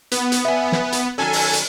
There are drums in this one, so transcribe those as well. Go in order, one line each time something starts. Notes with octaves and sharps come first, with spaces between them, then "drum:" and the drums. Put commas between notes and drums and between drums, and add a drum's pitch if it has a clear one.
B3, drum: hi-hat
drum: hi-hat
E5 G#5
drum: snare
drum: hi-hat
D#3 F#3 C#4 A4 G#5
drum: open hi-hat
drum: hi-hat